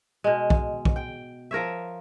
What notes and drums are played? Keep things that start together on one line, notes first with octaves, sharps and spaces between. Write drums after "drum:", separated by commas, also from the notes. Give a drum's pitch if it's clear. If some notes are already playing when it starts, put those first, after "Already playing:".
B2 G#3
drum: kick
drum: kick
G5
F3 A#4 C#5 E5